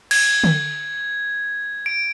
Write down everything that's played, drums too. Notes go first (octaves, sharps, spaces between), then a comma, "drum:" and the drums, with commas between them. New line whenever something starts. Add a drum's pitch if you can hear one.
G#6, drum: cymbal
drum: tom D3
D7